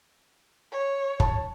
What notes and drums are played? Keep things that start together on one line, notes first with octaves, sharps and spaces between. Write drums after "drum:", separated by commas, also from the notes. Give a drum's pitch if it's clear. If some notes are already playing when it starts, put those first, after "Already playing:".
C#5
A5, drum: kick